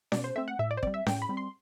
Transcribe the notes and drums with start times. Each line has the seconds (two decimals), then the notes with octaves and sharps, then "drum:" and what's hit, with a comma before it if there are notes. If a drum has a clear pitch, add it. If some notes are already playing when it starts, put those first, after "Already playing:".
0.12 B2 D5, drum: snare C#4
0.24 C5
0.36 A3 C4 E5
0.48 F#5
0.59 A2 E5
0.71 D5
0.77 C5
0.83 G3 C4 D5, drum: kick
0.94 E5
1.07 A2 G5, drum: snare C#4
1.22 B5
1.29 G3 C4
1.37 C6